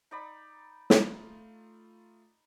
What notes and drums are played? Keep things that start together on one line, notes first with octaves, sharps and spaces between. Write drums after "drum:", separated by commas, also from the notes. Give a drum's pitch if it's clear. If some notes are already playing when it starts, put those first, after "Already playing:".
D#4 D5 B5
A3 F4, drum: snare